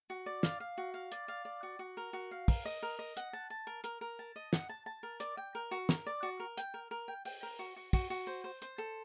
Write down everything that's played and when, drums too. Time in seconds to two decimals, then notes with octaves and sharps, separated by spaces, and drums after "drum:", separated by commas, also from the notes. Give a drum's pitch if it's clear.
0.10 F#4
0.26 D5
0.43 F5, drum: snare
0.60 F5
0.78 F#4
0.94 F5
1.12 D5, drum: hi-hat
1.28 F5
1.45 D5
1.63 F#4
1.79 F#4
1.97 A#4
2.13 F#4
2.31 F5
2.48 A#4, drum: kick, open hi-hat
2.65 D#5
2.83 A#4
2.99 D#5
3.17 F#5, drum: hi-hat
3.33 A5
3.50 A5
3.67 A#4
3.84 A#4, drum: hi-hat
4.01 A#4
4.19 A5
4.36 D#5
4.53 F#5, drum: snare
4.69 A5
4.86 A5
5.03 A#4
5.20 D5, drum: hi-hat
5.37 G5
5.55 A#4
5.71 F#4
5.89 A#4, drum: snare
6.06 D5
6.23 F#4
6.40 A#4
6.57 G5, drum: hi-hat
6.74 A#4
6.91 A#4
7.08 G5
7.25 G5, drum: open hi-hat
7.43 A#4
7.59 F#4
7.76 F#4
7.93 F#4, drum: kick, open hi-hat
8.10 F#4
8.27 C5
8.44 C5
8.62 C5, drum: hi-hat
8.78 A4